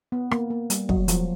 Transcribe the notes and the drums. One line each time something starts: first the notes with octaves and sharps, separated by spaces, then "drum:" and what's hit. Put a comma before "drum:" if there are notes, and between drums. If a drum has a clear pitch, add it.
B3
A#3, drum: rim click
A#3
G3, drum: hi-hat
F#3, drum: kick
F3, drum: hi-hat